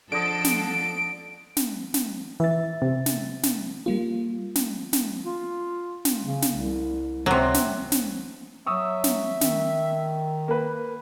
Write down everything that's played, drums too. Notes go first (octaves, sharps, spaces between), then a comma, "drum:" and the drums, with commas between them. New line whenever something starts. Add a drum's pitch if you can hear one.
D3 F3 A4 D#5 D7
drum: snare
drum: snare
drum: snare
E3 E5 A6
C3
drum: snare
drum: snare
G3 A#3 F4
drum: snare
drum: snare
F4
drum: snare
C#3
drum: snare
C2
C#2 C3 F#3
drum: snare
drum: snare
F#3 E5 C#6 D#6 E6
drum: snare
D#3, drum: snare
A#3 B4